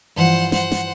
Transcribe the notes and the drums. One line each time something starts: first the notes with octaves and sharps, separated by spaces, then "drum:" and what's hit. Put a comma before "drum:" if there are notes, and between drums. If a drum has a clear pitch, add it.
G2 E3 F3 C5 F#5
C5 F#5, drum: snare
drum: snare